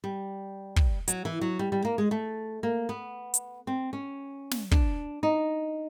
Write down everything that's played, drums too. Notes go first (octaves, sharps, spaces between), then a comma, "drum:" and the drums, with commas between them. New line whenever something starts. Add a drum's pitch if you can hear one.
G3
drum: kick
F#3, drum: hi-hat
E3
F#3
G3
G3
A#3
G#3
A3
A#3
B3
drum: hi-hat
C4
C#4
drum: snare
D4, drum: kick
D#4